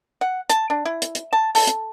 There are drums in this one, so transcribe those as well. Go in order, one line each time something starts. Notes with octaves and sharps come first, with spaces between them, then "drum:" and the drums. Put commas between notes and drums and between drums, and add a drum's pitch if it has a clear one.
F#5
A5, drum: hi-hat
D4
E4
drum: hi-hat
drum: hi-hat
A5
A4, drum: open hi-hat
drum: hi-hat